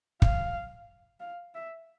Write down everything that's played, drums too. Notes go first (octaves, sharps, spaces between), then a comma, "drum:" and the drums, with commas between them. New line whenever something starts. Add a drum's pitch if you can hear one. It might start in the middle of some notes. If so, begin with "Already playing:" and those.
F5, drum: kick
F5
E5